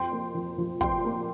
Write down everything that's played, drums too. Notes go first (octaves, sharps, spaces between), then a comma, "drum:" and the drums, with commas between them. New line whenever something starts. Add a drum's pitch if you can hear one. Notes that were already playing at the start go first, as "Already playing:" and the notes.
Already playing: F2 G5 C6
A#3
F3
F3
F2 G5 C6, drum: kick
A#3